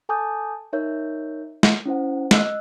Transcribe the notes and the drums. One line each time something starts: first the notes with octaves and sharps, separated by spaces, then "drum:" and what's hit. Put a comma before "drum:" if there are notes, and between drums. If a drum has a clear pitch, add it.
A4 G#5 A5 D6 D#6 G6
D#4 A#4 C#5 E5 G6
drum: snare
C#4 E4 C5 F#5
D#5 E6 F#6, drum: snare